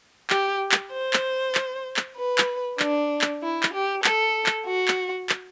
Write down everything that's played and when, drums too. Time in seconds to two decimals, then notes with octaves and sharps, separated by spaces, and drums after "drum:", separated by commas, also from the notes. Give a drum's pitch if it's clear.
0.30 G4, drum: clap
0.72 drum: clap
0.93 C5
1.13 drum: clap
1.55 drum: clap
1.96 drum: clap
2.17 B4
2.38 drum: clap
2.80 D4, drum: clap
3.21 drum: clap
3.42 E4
3.63 drum: clap
3.74 G4
4.04 A4, drum: clap
4.46 drum: clap
4.67 F#4
4.88 drum: clap
5.29 drum: clap